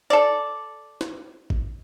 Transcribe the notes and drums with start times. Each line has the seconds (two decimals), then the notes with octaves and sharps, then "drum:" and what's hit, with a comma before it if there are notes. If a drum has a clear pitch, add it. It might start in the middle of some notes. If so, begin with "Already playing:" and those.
0.10 A4 D5
1.01 drum: snare
1.50 drum: kick G#1